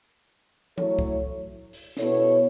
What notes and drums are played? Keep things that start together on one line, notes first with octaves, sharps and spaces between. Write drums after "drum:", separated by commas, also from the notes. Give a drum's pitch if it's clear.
F#3 A3 E4 A4 C#5, drum: tom E3
drum: kick C2
drum: open hi-hat
B2 B3 E4 A4 C#5, drum: snare